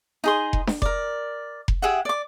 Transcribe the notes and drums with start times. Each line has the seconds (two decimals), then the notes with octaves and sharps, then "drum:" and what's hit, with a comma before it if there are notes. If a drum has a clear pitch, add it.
0.24 D#4 G#4 C6
0.53 drum: kick F1
0.67 drum: snare D4
0.82 A#4 D5, drum: kick F1
1.68 drum: kick F1
1.82 G4 G#4 E5 F#5
2.05 D5 D6